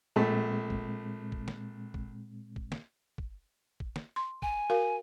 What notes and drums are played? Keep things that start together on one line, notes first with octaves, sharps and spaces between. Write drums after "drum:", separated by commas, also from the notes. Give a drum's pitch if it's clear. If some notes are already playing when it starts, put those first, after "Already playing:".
A#1 A#2 G#3 A3 C4
drum: kick
drum: kick
drum: snare
drum: kick
drum: kick
drum: snare
drum: kick
drum: kick
drum: snare
C6
G#5, drum: kick
F#4 A#4 F5